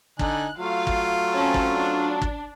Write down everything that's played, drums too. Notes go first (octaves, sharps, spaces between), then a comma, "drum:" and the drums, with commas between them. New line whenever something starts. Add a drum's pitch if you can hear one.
D3 D#4 G#5 F#6, drum: kick
F#3 A3 F4 F5
drum: kick
C4 C#4 A5
drum: kick
D4
drum: kick